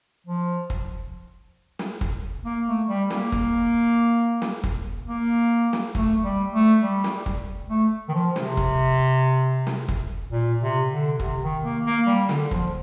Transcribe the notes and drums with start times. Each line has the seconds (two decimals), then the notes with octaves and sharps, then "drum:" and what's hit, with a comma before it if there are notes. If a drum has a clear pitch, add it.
0.26 F3
0.70 drum: kick
1.79 drum: snare
2.01 drum: kick
2.45 A#3
2.67 A3
2.89 G3
3.10 A#3, drum: snare
3.32 drum: kick
4.42 drum: snare
4.64 drum: kick
5.07 A#3
5.73 drum: snare
5.95 A3, drum: kick
6.24 G3
6.53 A3
6.82 G3
7.04 drum: snare
7.26 drum: kick
7.70 A3
8.09 D#3
8.14 F3
8.36 C3, drum: snare
8.57 drum: kick
9.67 drum: snare
9.88 drum: kick
10.32 A#2
10.61 C3
10.91 D3
11.20 C3, drum: kick
11.42 D#3
11.63 A#3
11.85 A#3
12.07 G3
12.29 D3, drum: snare
12.51 F3, drum: kick